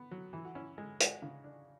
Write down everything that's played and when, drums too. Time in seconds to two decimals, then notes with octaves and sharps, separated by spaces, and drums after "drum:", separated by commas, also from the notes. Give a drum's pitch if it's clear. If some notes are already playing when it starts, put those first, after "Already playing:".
Already playing: B3
0.11 F#3
0.33 E3 E4
0.45 F#4
0.55 C#4 E4
0.78 G#3
1.00 G#3 F#4, drum: hi-hat
1.22 C#3
1.44 D4